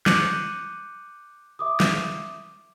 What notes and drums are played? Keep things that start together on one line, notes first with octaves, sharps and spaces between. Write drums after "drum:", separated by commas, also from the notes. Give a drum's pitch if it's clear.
D6 F#6 G6 C#7 D#7 F#7, drum: snare
E5 D6 D#6
drum: snare